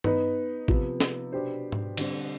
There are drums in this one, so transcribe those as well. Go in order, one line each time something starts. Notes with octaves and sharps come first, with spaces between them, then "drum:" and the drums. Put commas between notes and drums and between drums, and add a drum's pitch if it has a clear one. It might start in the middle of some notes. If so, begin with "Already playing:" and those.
B3 D#4 B4, drum: tom G2
C3 F3 B3, drum: kick A1
drum: snare
B2 B3 D4 G4 C5
drum: tom G#2
D3 G3 C4, drum: cymbal